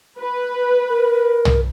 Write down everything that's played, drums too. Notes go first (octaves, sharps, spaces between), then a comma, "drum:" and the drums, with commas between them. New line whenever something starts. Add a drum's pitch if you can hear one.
B4
A#4
drum: tom